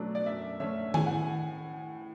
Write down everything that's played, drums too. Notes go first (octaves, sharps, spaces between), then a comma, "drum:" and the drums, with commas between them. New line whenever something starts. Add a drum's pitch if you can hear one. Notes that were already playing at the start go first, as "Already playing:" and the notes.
Already playing: B2 F#3 A3 D4
D5
F#2 E5
D3 A3 C#4 E5
A2 G#5, drum: tom D#3
F#5